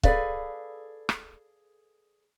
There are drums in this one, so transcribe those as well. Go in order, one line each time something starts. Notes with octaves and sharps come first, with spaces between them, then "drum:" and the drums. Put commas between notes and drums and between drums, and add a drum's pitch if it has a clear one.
G#4 A4 B4 D5 F5, drum: kick C#1
drum: rim click